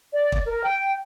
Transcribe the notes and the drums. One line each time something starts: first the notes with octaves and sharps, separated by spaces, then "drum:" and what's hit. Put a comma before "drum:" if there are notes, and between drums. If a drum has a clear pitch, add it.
D5
drum: kick
A#4
G5